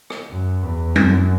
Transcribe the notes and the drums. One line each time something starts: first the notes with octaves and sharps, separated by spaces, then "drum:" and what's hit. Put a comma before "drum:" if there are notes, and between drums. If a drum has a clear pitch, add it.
drum: rim click
F#2
E2
F#2, drum: tom F#3